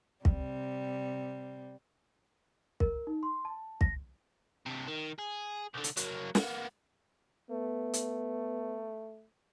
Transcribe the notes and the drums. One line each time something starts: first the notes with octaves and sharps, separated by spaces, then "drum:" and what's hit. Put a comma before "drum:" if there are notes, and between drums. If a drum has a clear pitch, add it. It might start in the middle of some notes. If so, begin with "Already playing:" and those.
C3 G3, drum: kick
A#4, drum: kick
D#4
C6
A5
A#6, drum: kick
C3 D4
D#3
G#4
C2 D3
drum: hi-hat
F#3 A#3, drum: hi-hat
A#3 B3, drum: snare
A3 B3
drum: hi-hat